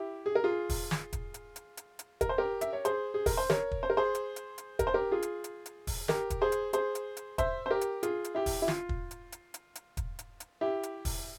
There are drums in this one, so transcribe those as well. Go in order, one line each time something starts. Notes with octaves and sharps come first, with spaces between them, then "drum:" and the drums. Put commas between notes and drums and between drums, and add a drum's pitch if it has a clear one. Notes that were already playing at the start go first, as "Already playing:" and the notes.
Already playing: E4 G4
G#4
A#4
F4 G#4
drum: kick, open hi-hat
drum: snare
drum: kick, hi-hat
drum: hi-hat
drum: hi-hat
drum: hi-hat
drum: hi-hat
A#4, drum: kick, hi-hat
C5
G4 A#4
E5, drum: hi-hat
C#5
G#4 C5, drum: hi-hat
G#4
A#4, drum: kick, open hi-hat
C5
A#4 C#5, drum: snare
drum: kick
C5
A#4
G#4 C5
drum: hi-hat
drum: hi-hat
drum: hi-hat
A#4, drum: kick, hi-hat
C5
G4 A#4
F4 G#4
drum: hi-hat
drum: hi-hat
drum: hi-hat
drum: kick, open hi-hat
G4 A#4, drum: snare
drum: kick, hi-hat
G#4 C5
drum: hi-hat
G#4 C5, drum: hi-hat
drum: hi-hat
drum: hi-hat
C5 E5, drum: kick, hi-hat
C5
G4 A#4
drum: hi-hat
F4 G#4, drum: hi-hat
drum: hi-hat
E4 G4
drum: kick, open hi-hat
E4
F4, drum: snare
drum: kick
drum: hi-hat
drum: hi-hat
drum: hi-hat
drum: hi-hat
drum: kick, hi-hat
drum: hi-hat
drum: hi-hat
E4 G4
drum: hi-hat
drum: kick, open hi-hat